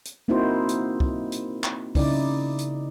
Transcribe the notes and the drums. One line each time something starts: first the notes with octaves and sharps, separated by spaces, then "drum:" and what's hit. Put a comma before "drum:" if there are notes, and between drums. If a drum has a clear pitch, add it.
drum: hi-hat
A#3 C4 D#4 E4 F#4 C5
drum: hi-hat
drum: kick
drum: hi-hat
drum: clap
C#3 D#4 E4 D5, drum: kick, open hi-hat
drum: hi-hat